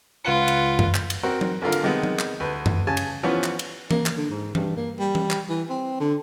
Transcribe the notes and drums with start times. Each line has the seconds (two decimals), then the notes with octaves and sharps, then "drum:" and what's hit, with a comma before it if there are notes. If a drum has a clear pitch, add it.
0.25 C#2 F4 B4 F#5 C#7
0.48 drum: cymbal
0.79 drum: tom F#2
0.94 drum: clap
1.10 drum: cymbal
1.23 C4 F#4 A#4
1.41 drum: tom F#3
1.62 G#1 D3 F4 A#4
1.72 drum: cymbal
1.83 C3 D#3 G#3 B3
2.03 drum: tom F#3
2.19 drum: clap
2.40 D2 B4
2.66 drum: tom F#2
2.87 C#3 G#5 A5
2.97 drum: cymbal
3.23 E3 F3 B3 C#4
3.44 drum: clap
3.59 drum: cymbal
3.91 A#3, drum: tom E3
4.06 drum: clap
4.17 D3
4.30 G#2
4.55 G2, drum: tom E3
4.76 A#3
4.99 G3
5.15 drum: tom E3
5.31 drum: clap
5.49 E3
5.70 C4
6.00 D3